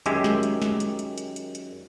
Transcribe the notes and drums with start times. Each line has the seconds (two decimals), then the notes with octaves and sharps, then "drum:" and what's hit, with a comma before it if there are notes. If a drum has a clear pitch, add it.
0.06 F#2 D#3 G#3 G4 E5 G#5, drum: hi-hat
0.24 drum: snare
0.43 drum: hi-hat
0.62 drum: snare
0.80 drum: hi-hat
0.99 drum: hi-hat
1.18 drum: hi-hat
1.36 drum: hi-hat
1.55 drum: hi-hat